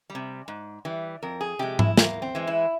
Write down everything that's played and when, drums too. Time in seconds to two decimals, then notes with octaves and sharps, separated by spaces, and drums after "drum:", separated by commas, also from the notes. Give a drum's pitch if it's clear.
0.10 G3
0.15 C3
0.48 G#2
0.85 E3 G3
1.23 F2 A#4
1.41 G#4
1.59 C3 F3 G#3 G4
1.79 E4, drum: tom G#2
1.97 E2 A#3, drum: snare
2.22 C4
2.35 E3 G#3
2.47 E4